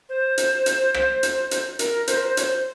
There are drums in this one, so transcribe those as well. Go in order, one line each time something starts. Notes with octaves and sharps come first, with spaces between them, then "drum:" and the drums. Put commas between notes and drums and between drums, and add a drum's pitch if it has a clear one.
C5
drum: hi-hat
drum: hi-hat
drum: rim click
drum: hi-hat
drum: hi-hat
A#4, drum: hi-hat
C5, drum: hi-hat
A#4
C5
C#5, drum: hi-hat
C5